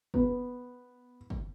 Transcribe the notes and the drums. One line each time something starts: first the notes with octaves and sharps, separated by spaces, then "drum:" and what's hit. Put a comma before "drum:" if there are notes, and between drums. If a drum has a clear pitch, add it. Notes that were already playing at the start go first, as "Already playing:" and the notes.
B3, drum: kick
drum: kick